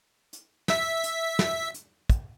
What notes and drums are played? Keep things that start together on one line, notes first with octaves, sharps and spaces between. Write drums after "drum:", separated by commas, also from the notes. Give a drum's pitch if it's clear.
drum: hi-hat
E5 B6, drum: snare
drum: hi-hat
drum: snare
drum: hi-hat
drum: kick, hi-hat